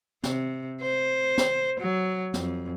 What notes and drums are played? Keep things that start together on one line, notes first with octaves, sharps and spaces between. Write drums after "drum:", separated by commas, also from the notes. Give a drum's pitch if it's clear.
C3, drum: snare
C5
drum: snare
F#3
F2, drum: snare